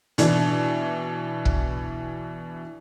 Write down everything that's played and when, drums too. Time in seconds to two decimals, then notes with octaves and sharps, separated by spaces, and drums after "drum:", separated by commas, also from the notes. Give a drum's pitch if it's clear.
0.18 B2 E3 D4, drum: hi-hat
1.45 drum: kick